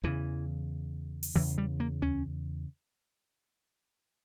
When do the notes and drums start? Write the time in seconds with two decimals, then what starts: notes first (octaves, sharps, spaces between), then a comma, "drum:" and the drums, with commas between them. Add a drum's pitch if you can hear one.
0.03 E2 C#3 E3
1.23 drum: open hi-hat
1.36 E2 C#3 E3
1.58 G3
1.80 A#3
2.02 C#4, drum: tom D2